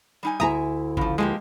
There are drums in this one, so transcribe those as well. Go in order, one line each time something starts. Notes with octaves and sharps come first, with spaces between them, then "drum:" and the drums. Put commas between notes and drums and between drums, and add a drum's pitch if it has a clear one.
G3 D#4 G#5
D2 E4 E5 G#5 A#5 D#6
C#3 F3, drum: kick G1
F3 G#3 A#3 G4